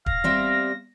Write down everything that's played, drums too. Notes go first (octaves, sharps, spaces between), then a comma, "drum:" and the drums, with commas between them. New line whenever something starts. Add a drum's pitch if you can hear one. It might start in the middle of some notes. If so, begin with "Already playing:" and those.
F5 A#6, drum: kick
G3 C4 E5